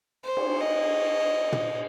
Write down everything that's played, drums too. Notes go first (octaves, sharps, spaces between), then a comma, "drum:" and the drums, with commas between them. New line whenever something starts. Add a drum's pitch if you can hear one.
C5
drum: cymbal
D#5
drum: tom